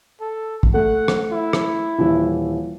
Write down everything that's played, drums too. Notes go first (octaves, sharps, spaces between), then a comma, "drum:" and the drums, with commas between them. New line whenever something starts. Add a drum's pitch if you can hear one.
A4
drum: kick
A3 F#5
drum: rim click
E4
drum: rim click
D#1 E3